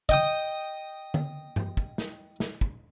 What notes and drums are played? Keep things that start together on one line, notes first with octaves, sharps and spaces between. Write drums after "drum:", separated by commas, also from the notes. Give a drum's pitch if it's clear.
D#5 G5 D#6, drum: kick
drum: tom D3
drum: tom G2
drum: kick
drum: snare
drum: snare
drum: kick